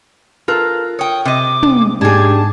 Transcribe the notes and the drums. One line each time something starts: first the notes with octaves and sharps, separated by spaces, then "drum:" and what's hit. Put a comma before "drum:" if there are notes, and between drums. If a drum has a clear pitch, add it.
F4 A4 A#4 F#6
C#5 G5 D#6
C3 D#5 D6
drum: tom
G#2 D4 G4 G#4 G#6
A5